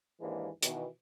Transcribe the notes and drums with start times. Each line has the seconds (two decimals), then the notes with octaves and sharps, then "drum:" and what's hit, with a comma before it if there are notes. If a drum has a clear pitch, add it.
0.21 D#2 G#2 E3 G#3 A#3 D4
0.62 B2 D#3 E3, drum: hi-hat